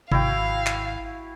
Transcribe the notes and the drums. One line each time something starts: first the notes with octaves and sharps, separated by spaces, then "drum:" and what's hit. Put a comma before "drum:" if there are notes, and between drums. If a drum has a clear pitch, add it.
G#1 E4 F#4 F5 G5, drum: tom C3
drum: clap